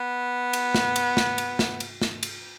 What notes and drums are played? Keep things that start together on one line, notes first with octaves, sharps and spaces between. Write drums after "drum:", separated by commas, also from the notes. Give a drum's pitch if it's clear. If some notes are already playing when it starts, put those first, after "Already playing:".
Already playing: B3
drum: cymbal
drum: snare
drum: cymbal
drum: snare
drum: cymbal
drum: snare
drum: cymbal
drum: snare
drum: cymbal